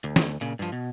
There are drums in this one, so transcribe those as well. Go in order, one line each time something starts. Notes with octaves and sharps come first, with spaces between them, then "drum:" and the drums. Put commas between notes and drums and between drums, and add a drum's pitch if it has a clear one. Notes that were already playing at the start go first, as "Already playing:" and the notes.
D2
drum: snare
A#2 C#3
G2 F3
B2